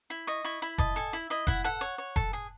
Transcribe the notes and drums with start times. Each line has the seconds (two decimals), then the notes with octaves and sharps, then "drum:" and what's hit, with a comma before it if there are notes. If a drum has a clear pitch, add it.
0.10 E4
0.27 D#5 C#6
0.44 E4 C#6
0.62 E4 B5
0.78 D#5 A5, drum: kick F1
0.96 A4 G#5
1.13 E4 E5
1.30 E4 D#5
1.47 E4 F#5, drum: kick F1
1.64 A4 F#5
1.81 C#5
1.98 C#5
2.16 A4, drum: kick F1
2.33 G#4